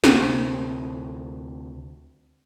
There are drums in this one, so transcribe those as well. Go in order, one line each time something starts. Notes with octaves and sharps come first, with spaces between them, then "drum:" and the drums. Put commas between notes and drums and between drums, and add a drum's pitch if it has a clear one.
D2 C3 C4, drum: snare